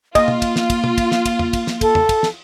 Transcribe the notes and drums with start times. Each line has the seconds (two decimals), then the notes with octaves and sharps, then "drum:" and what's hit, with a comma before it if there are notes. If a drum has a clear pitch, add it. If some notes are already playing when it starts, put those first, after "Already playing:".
0.15 A#3 F4 D#5, drum: kick, cymbal
0.28 drum: tom
0.42 drum: kick, cymbal
0.56 drum: snare
0.70 drum: kick, cymbal
0.84 drum: tom
0.98 drum: kick, cymbal
1.12 drum: snare
1.25 drum: kick, cymbal
1.39 drum: tom
1.53 drum: kick, cymbal
1.67 drum: snare
1.81 A4, drum: kick, cymbal
1.95 drum: tom
2.09 drum: kick, cymbal
2.23 drum: snare